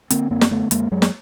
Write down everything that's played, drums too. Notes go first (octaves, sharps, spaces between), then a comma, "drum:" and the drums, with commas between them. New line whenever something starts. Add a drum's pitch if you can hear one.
D3 A#3 C4, drum: hi-hat
F#2 A#3 C4
drum: snare
D3 A3 B3
F#2 G#3 A#3, drum: hi-hat
F#2 F#3 G#3
drum: snare